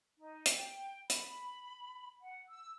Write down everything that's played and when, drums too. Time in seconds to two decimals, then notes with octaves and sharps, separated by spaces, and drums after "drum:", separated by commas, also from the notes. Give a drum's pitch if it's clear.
0.18 D#4
0.46 drum: hi-hat
0.56 G5
1.10 B5, drum: hi-hat
2.22 F#5
2.49 E6